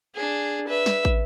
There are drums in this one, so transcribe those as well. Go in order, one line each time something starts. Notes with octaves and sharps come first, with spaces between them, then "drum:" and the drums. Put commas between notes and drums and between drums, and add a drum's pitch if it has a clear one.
D4 G#4
B4 E5
drum: snare
drum: kick